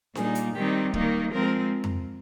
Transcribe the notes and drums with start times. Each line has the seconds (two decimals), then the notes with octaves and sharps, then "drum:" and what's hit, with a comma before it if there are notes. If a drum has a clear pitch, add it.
0.15 A#2 G3 A#3 D#4 G#4, drum: snare D4
0.35 drum: hi-hat
0.54 D#3 G3 C4 D#4 G4
0.94 D#3 G3 A#3 D#4, drum: kick
1.32 F3 G#3 C4 A#4
1.84 drum: tom F2